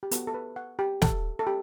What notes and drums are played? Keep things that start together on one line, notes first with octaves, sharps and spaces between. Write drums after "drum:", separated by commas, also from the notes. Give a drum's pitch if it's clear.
G4
B3 F#4 A4, drum: hi-hat
A4
B4
F#5
G4
A4, drum: snare
A4
G4